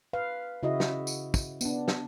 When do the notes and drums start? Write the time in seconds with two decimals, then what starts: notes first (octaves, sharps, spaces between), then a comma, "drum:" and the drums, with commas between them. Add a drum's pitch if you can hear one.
0.13 B4 F5
0.63 C#3 E4 F#4 D#5
0.80 drum: snare
1.07 drum: tambourine
1.34 drum: kick, tambourine
1.61 B3 D4, drum: tambourine
1.88 drum: snare